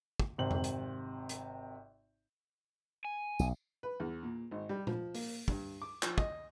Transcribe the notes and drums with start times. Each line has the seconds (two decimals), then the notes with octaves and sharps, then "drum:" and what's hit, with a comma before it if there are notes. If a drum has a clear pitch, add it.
0.19 drum: kick
0.38 G#1 C3 C5 F#7
0.51 drum: tom F2
0.64 drum: hi-hat
1.29 drum: hi-hat
3.05 G#5
3.39 B1, drum: tambourine
3.83 B4
4.00 E2
4.23 A#2
4.51 G#1
4.69 G3
4.87 F3, drum: tom A#2
5.14 A#3, drum: open hi-hat
5.48 G2, drum: kick
5.82 D6
6.03 F3, drum: clap
6.18 D#5, drum: kick